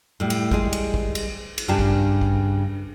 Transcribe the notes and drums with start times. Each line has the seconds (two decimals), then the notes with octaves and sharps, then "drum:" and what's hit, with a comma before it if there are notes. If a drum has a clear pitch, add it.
0.20 A2 G3
0.30 drum: cymbal
0.51 G3 G#3 G#4, drum: kick
0.73 drum: cymbal
0.94 drum: kick
1.15 drum: cymbal
1.58 drum: cymbal
1.68 G2 C#3 D4 G4 A5
1.79 drum: kick
2.21 drum: kick